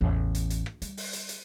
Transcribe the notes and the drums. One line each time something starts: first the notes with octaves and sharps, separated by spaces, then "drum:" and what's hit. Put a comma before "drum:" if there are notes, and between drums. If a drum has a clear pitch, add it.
A1 E2
drum: hi-hat
drum: hi-hat
drum: rim click
G3, drum: hi-hat
drum: open hi-hat
drum: hi-hat
drum: hi-hat